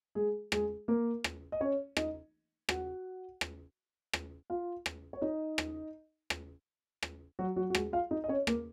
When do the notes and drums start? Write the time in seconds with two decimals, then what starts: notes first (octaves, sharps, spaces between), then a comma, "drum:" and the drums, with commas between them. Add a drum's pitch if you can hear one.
0.15 G#3 G#4
0.52 G#3 G#4, drum: rim click
0.88 A#3 A#4
1.24 drum: rim click
1.52 D#5
1.61 C#4 C#5
1.97 D#4 D#5, drum: rim click
2.69 F#4 F#5, drum: rim click
3.41 drum: rim click
4.13 drum: rim click
4.50 F4 F5
4.86 drum: rim click
5.13 C#5
5.22 D#4 D#5
5.58 drum: rim click
6.30 drum: rim click
7.03 drum: rim click
7.39 F#3 F#4
7.56 F#3 F#4
7.70 F#4
7.75 G#3 G#4, drum: rim click
7.93 F4 F5
8.11 D#4 D#5
8.24 D#5
8.28 C#4 C#5
8.47 A#3 A#4, drum: rim click